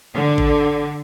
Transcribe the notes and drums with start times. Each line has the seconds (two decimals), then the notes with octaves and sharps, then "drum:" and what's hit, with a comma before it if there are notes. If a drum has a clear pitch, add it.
0.13 D3
0.38 drum: kick A1